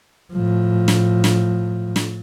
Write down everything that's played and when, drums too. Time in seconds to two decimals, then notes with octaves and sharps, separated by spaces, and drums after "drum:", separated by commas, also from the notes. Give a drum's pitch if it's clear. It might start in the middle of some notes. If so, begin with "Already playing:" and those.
0.34 A2 F3
0.88 drum: snare
1.24 drum: snare
1.96 drum: snare